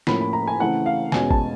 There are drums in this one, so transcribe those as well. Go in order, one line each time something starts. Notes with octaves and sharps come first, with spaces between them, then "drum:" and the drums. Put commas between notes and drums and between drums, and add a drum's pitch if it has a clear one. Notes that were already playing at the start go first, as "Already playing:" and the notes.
A2 F3 A#3 C#4 B5, drum: snare
B5
A#5
G#5
C#3 E3 A3 C4 F#5
F5
E2 B2 G#3 C#4 G#5, drum: snare
A5, drum: kick G#1